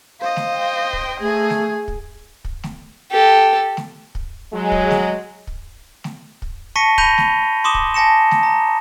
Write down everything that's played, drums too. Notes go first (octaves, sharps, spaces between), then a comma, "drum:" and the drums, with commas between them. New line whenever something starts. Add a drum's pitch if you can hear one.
C5 D#5 F5
drum: snare A3
G5
drum: kick
A3 G#4
drum: snare A3
drum: kick
drum: kick
drum: snare A3
G4 A4
drum: snare A3
drum: kick
F#3 G#3
drum: kick
drum: snare A3
drum: kick
drum: snare A3
drum: kick
A5 C#6 A#6 B6 C#7 D#7
B5 G6 A#6 D#7 F7 G7, drum: kick
drum: snare A3
C6 D6 D#6 E7 G7
drum: kick
G#5 A5 A#6 C#7 E7
drum: snare A3
A#5